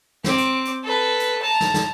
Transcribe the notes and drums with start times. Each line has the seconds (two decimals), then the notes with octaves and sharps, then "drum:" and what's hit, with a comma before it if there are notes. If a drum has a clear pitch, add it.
0.24 C4 D6, drum: snare
0.38 drum: hi-hat
0.65 drum: hi-hat
0.84 A4 B4
1.20 drum: hi-hat
1.42 A5 A#5
1.61 drum: snare
1.74 drum: snare